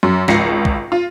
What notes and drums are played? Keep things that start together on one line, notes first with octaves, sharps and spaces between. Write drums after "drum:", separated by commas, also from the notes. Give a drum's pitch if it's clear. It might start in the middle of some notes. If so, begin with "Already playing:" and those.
F#2
G#1 C#2 A#6 C7 C#7, drum: snare
drum: kick
F4